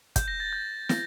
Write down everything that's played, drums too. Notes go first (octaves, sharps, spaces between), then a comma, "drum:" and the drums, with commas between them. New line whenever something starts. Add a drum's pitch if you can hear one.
G6, drum: kick, hi-hat
A#6
A6
G6
A#6, drum: snare